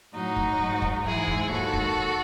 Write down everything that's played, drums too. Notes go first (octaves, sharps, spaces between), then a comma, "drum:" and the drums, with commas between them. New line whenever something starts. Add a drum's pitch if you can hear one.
A2 F#3 D#4 F#4
drum: kick
G#2 F#3
drum: kick
G#2 E3 G#3 E4 G#4
drum: kick
D#2 D#3 G#3 F#4 A4
drum: kick